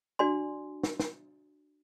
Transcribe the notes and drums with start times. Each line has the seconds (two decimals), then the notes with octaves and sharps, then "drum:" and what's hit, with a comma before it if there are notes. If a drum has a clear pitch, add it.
0.19 D4 F#4 D5 G#5 C6
0.83 drum: snare
1.00 drum: snare